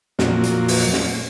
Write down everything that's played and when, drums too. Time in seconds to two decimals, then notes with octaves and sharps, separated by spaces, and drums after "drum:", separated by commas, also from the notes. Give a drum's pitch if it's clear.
0.19 F2 A#2 F#3, drum: snare
0.43 drum: hi-hat
0.68 drum: open hi-hat
0.93 drum: snare